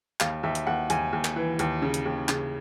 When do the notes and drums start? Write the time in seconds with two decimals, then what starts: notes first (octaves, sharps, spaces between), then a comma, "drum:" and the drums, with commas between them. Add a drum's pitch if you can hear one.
0.20 D#2 F5, drum: clap
0.43 D#2 E5
0.55 drum: hi-hat
0.67 D#2 F#5
0.90 D#2 G#5, drum: hi-hat
1.13 D#2
1.25 drum: clap
1.36 E3
1.59 D#2, drum: hi-hat
1.82 C#3
1.94 drum: hi-hat
2.06 D#2
2.29 C#3, drum: clap